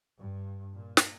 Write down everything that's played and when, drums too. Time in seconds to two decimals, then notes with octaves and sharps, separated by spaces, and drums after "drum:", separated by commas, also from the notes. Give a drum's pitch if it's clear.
0.18 G2
0.76 A#2
0.97 drum: snare